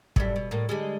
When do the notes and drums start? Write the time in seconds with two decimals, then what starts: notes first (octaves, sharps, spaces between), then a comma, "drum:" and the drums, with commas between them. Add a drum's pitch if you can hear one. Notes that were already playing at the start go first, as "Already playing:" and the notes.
0.16 F#2 A2 G3, drum: kick
0.36 B2
0.51 A2 A#3
0.69 D3 G3 G#3